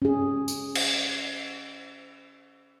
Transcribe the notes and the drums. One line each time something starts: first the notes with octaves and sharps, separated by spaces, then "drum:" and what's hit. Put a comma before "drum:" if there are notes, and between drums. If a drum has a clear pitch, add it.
C#4 G#4
drum: tambourine
drum: cymbal